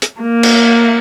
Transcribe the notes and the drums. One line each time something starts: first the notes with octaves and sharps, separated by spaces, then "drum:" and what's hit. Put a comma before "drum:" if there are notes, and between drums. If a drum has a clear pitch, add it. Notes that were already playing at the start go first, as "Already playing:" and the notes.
drum: hi-hat
A#3
drum: cymbal